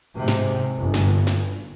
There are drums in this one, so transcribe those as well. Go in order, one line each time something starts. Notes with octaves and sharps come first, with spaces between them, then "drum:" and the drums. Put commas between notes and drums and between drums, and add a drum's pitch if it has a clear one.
G#2 C3
drum: snare
G1
drum: snare
drum: snare